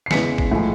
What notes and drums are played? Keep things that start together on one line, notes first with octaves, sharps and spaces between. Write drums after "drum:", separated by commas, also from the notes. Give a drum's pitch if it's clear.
C7
E2 C#3 E3 G#3 B6 C#7, drum: snare
drum: kick
A2 F3 G#3